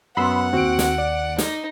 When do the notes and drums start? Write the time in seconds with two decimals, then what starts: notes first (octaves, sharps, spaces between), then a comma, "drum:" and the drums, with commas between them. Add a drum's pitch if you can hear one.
0.17 F#2 B3 F#5 B5 C6 E6
0.53 D#2 C4 F#4 D7
0.79 drum: snare
0.98 D5
1.38 D#4, drum: snare